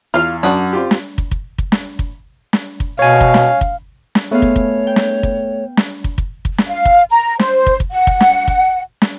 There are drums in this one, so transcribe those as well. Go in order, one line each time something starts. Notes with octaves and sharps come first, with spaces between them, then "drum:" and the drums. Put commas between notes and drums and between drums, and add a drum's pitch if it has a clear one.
E2 F4 F5
F#2 D4 F#4 D5 D#6
C4 F4 G4
drum: snare
drum: kick
drum: kick
drum: kick
drum: snare
drum: kick
drum: snare
drum: kick
B2 C#5 F5 G#5
drum: kick
drum: snare
drum: kick
drum: snare
A3 B3 G#4 C#5 F5
drum: kick
drum: kick
G5
drum: snare
drum: kick
drum: snare
drum: kick
drum: kick
drum: kick
drum: snare
F5
drum: kick
A#5
C5, drum: snare
drum: kick
drum: kick
F#5
drum: kick
drum: snare
drum: kick
drum: snare